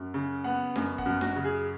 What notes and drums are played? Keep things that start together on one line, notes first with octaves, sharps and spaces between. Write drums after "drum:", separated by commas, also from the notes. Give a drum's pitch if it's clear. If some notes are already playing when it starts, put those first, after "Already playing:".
Already playing: F#2
C#3
B3 F#5
F#2, drum: snare D4
F#5, drum: kick
F#2
F#4, drum: snare D4
C#3
G#4